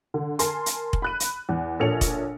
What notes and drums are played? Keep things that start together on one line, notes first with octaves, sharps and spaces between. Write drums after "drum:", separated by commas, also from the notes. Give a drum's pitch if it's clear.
D3
A#4 G#5 A5 C6, drum: hi-hat
drum: hi-hat
drum: kick
B5 F#6 D#7
drum: hi-hat
E2
A#1 A#2 A4 C#5 C#7 F7
drum: kick, hi-hat